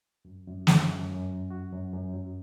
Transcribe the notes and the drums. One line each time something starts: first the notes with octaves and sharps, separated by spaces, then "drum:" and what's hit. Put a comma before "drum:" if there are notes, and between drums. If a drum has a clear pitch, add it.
F#2
F#2
F#2, drum: snare
F#2
F#2
F#4
F#4
F#2
F#2
F#3